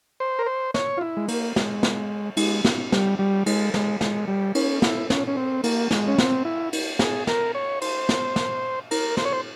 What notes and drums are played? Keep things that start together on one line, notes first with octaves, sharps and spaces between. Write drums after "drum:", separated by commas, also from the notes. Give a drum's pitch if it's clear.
C5
A#4
C5
C#5, drum: snare
F4
E4
G#3
A#3, drum: cymbal
G#3, drum: snare
drum: snare
G#3, drum: cymbal
drum: snare
G3, drum: snare
G3
G#3, drum: cymbal
G#3, drum: snare
G#3, drum: snare
G3
C#4, drum: cymbal
E4, drum: snare
C#4, drum: snare
C#4
C4
A#3, drum: cymbal
G#3, drum: snare
C#4
C4, drum: snare
E4
drum: cymbal
G#4, drum: snare
A#4, drum: snare
C#5
C5, drum: cymbal
drum: snare
drum: snare
A#4, drum: cymbal
C5, drum: snare
C#5
C5